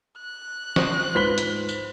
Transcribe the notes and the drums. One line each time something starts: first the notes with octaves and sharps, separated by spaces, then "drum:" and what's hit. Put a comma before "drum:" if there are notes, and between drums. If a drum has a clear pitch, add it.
F#6
C5 D#5 C#6, drum: snare
G#2 F4 B4 C5 B5 B6 G7
drum: hi-hat
drum: tambourine